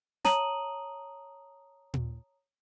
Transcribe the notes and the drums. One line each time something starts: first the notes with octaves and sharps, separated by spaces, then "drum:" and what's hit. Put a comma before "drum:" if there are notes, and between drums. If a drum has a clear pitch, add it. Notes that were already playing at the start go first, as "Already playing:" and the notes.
C#5 A5 A#5 D#6 D#7 F#7, drum: snare
drum: tom A#2